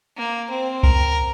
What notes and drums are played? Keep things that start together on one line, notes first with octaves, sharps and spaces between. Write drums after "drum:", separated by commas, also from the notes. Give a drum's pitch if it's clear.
A#3
C4
A#4, drum: kick C2